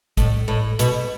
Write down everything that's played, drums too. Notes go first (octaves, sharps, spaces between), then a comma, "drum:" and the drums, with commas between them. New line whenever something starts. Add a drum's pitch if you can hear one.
A2, drum: kick, hi-hat
A2
B2, drum: hi-hat